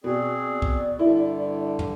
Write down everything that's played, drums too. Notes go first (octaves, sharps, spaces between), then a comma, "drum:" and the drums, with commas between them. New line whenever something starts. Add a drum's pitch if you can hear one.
B2 C4 G#4 D5
drum: kick A#1
G2 D3 E4
drum: tom